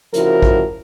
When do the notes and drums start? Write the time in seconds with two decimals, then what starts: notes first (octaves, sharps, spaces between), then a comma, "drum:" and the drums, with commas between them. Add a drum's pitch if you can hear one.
0.14 D2 C#3 F3 E4 F#4 A#4, drum: hi-hat
0.42 drum: kick